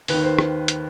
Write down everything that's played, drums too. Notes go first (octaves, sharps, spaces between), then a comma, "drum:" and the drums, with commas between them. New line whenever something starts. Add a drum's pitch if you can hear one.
D#2 D#3 B4, drum: open hi-hat
C5
drum: rim click
drum: hi-hat